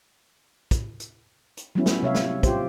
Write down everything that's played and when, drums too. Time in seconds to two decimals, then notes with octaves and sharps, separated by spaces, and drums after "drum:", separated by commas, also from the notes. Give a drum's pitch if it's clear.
0.71 drum: kick, hi-hat
1.00 drum: hi-hat
1.57 drum: hi-hat
1.75 F#3 G3 A3 B3 C#4 E4
1.86 drum: snare
2.03 C3 C#5 E5 F5
2.15 drum: snare
2.43 F4 G4 C5, drum: kick, hi-hat